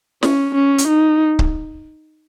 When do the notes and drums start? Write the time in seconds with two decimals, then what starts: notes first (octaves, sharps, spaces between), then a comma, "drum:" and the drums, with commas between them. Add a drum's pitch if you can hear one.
0.23 C#4, drum: snare
0.55 C#4
0.78 drum: hi-hat
0.87 D#4
1.39 drum: kick C#1